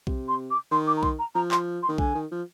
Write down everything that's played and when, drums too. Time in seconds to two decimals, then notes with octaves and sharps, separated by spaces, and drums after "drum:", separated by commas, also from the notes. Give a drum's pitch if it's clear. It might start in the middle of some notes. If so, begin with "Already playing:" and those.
0.07 C3, drum: kick B1
0.28 C6
0.51 D6
0.71 D#3 C6
0.87 D6
0.97 A#5
1.03 C6, drum: kick B1
1.19 A#5
1.35 F3 A#5
1.51 C6, drum: clap
1.83 C6
1.88 D#3
1.98 D3 G#5, drum: kick B1
2.15 D#3
2.31 F3